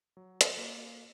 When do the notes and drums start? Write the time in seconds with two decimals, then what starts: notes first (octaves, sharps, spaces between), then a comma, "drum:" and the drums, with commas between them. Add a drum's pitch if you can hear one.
0.17 F#3
0.41 drum: hi-hat
0.57 A#3 F#4 C#5